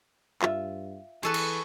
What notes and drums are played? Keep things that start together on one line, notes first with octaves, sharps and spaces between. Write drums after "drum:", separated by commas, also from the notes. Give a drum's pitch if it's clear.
G2 F4 E5, drum: clap
E3 G#4 A4 B4 C#6
drum: cymbal